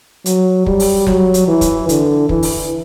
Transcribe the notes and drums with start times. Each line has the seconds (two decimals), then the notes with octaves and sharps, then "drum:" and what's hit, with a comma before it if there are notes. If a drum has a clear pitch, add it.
0.26 F#3, drum: hi-hat
0.66 G3, drum: kick
0.80 drum: open hi-hat
1.07 F#3, drum: snare
1.34 drum: hi-hat
1.48 E3
1.61 drum: kick, hi-hat
1.89 D3, drum: hi-hat
2.29 E3, drum: kick
2.43 drum: open hi-hat